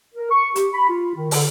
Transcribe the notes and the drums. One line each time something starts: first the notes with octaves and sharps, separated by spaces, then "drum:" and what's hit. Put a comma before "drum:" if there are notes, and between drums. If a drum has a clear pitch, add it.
A#4
C#6
G4, drum: hi-hat
B5
F4
D#3
D3, drum: open hi-hat